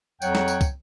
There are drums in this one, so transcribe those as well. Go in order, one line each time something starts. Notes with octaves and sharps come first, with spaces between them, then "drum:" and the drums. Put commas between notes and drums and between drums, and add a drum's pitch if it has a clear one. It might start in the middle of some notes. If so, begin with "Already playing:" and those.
F2 F#3 C#5 F#5 G5, drum: tambourine
drum: snare
drum: tambourine
drum: kick, tambourine